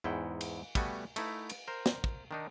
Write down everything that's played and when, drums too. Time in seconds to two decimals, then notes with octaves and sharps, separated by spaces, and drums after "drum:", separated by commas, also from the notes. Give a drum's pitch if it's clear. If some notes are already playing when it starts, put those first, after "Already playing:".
0.04 E2 G#2 E4 F#5 G5
0.41 drum: cymbal
0.75 G3 A3 B3 F#4 G#5, drum: kick, cymbal
1.16 A3 D#4 E4, drum: cymbal
1.49 drum: cymbal
1.68 A#4 C5
1.86 drum: snare
2.04 drum: kick
2.31 D#3 D4 D#4